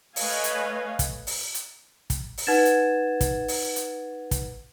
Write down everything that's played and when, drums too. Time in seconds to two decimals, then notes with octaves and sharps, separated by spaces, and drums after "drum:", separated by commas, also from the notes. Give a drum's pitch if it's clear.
0.16 A3 B4 C#5 D#5 F5 G#5, drum: open hi-hat
0.44 drum: hi-hat
0.99 drum: kick, hi-hat
1.27 drum: open hi-hat
1.54 drum: hi-hat
2.10 drum: kick, hi-hat
2.38 drum: open hi-hat
2.47 D#4 B4 F#5 G#6 A6 E7
2.65 drum: hi-hat
3.21 drum: kick, hi-hat
3.48 drum: open hi-hat
3.76 drum: hi-hat
4.31 drum: kick, hi-hat